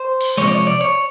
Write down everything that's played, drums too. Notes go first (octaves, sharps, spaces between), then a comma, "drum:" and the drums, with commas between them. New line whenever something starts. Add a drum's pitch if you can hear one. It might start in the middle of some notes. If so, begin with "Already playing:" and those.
Already playing: C5
drum: cymbal
C3 F3 G#3 C#5
D5
C#5
D5
C#5